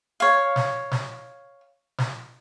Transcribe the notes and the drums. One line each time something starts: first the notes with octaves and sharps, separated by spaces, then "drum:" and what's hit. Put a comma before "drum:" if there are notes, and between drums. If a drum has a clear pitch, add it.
C#5 F5
drum: snare
drum: snare
drum: snare